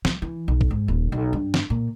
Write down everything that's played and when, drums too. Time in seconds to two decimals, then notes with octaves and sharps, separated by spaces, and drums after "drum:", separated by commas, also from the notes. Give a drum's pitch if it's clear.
0.05 F3, drum: snare
0.22 E3
0.48 B1
0.61 drum: kick A1
0.71 G#2
0.88 D#1
1.12 B1
1.33 G2
1.54 drum: snare
1.70 A#2